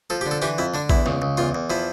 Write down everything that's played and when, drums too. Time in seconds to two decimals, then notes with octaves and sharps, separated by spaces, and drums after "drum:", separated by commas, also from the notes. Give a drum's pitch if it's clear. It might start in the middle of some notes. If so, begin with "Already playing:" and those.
0.10 F3 A4
0.21 G4
0.26 D3
0.31 A4
0.42 E3 G4, drum: tambourine
0.58 F2 E4
0.74 D3 D4
0.90 E2 E4, drum: kick A1
1.06 C#2, drum: snare
1.22 C#2
1.37 E2 F4
1.55 E2
1.70 F3 E4